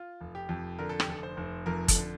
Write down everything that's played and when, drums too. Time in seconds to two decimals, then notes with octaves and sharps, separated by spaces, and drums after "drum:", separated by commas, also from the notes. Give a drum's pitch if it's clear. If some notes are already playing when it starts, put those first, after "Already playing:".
Already playing: F4
0.21 F1
0.35 G4
0.49 F2
0.79 D3 A#4
0.89 A4
1.00 G4, drum: rim click
1.07 F1 A4
1.23 C5
1.37 F1
1.66 F2 A#4
1.88 A4, drum: kick, hi-hat
1.96 D3